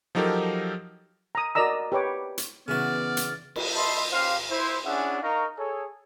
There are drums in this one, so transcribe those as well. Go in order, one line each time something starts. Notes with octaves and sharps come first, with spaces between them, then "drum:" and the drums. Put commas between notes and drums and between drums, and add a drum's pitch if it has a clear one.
F3 F#3 D#4 G4 A4 A#4
A#5 D#6
F#4 A#4 D5 D#5 A#5 E6
G4 B4 C#5 D6
drum: hi-hat
C#3 E3 B3 F#4 D5 F6
drum: hi-hat
drum: cymbal
D#5 E5 A5 B5 C6
C#4 G4 C5 F5
E4 C5
C#4 D4 E4 G#4 E5 F#5
D#4 A#4 F5 A#5 C#6
G#4 A4 C#5